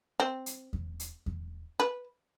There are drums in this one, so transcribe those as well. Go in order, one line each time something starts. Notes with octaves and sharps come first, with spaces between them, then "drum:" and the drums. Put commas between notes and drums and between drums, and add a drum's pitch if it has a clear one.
C4
drum: hi-hat
drum: kick E2
drum: hi-hat
drum: kick E2
B4